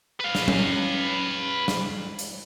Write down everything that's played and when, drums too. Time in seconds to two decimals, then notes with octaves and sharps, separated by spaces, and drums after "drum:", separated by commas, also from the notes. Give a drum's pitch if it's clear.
0.20 B4 F5
0.35 drum: snare
0.48 C#4, drum: tom F#3
1.68 drum: snare
2.19 drum: hi-hat